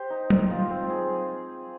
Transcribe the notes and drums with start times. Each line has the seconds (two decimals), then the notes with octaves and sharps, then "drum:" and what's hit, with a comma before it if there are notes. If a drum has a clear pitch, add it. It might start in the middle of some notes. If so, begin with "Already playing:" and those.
Already playing: G4 C5
0.10 D#4
0.30 D#4, drum: tom F#3
0.51 F4
0.70 C4
0.90 G#4